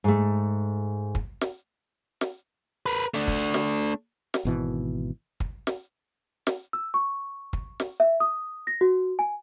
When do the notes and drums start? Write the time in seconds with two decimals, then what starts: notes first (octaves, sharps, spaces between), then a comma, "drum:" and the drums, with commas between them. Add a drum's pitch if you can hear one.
0.04 G#2 A3
1.15 drum: kick
1.41 drum: snare
2.21 drum: snare
2.86 A#4 B4
3.14 A3 D4
3.28 drum: kick
3.54 drum: snare
4.34 drum: snare
4.45 G#1 B2 E3
5.40 drum: kick
5.67 drum: snare
6.47 drum: snare
6.73 E6
6.94 C#6
7.53 drum: kick
7.80 drum: snare
8.00 E5
8.20 D#6
8.67 A#6
8.81 F#4
9.19 G#5